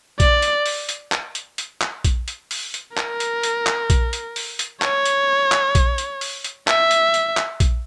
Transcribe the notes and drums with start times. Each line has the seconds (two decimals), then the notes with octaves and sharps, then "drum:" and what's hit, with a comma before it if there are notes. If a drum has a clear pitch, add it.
0.20 D5, drum: kick A#1, hi-hat
0.42 drum: hi-hat
0.66 drum: open hi-hat
0.89 drum: hi-hat
1.12 drum: clap
1.35 drum: hi-hat
1.58 drum: hi-hat
1.81 drum: clap
2.04 drum: kick A#1, hi-hat
2.28 drum: hi-hat
2.51 drum: open hi-hat
2.74 drum: hi-hat
2.97 A#4, drum: clap
3.20 drum: hi-hat
3.43 drum: hi-hat
3.67 drum: clap
3.90 drum: kick A#1, hi-hat
4.13 drum: hi-hat
4.36 drum: open hi-hat
4.59 drum: hi-hat
4.82 C#5, drum: clap
5.06 drum: hi-hat
5.52 drum: clap
5.75 drum: kick A#1, hi-hat
5.98 drum: hi-hat
6.21 drum: open hi-hat
6.44 drum: hi-hat
6.68 E5, drum: clap
6.91 drum: hi-hat
7.14 drum: hi-hat
7.37 drum: clap
7.60 drum: kick A#1, hi-hat